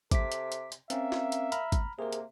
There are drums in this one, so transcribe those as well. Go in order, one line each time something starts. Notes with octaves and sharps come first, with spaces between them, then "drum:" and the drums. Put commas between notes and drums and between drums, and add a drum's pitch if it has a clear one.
C3 A4 D6 B6, drum: kick G#1, hi-hat
drum: hi-hat
drum: hi-hat
drum: hi-hat
A#3 C4 C#4 E5, drum: hi-hat
drum: snare
drum: hi-hat
A#5 B5 F6, drum: hi-hat
drum: kick G#1, hi-hat
C3 A#3 G#4 A#4
drum: hi-hat